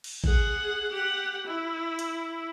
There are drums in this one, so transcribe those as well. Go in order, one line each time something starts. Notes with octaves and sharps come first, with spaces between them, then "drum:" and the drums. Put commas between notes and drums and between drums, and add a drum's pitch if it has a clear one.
drum: cymbal
G#4 F#5, drum: kick A1
G4 F#5
E4
drum: hi-hat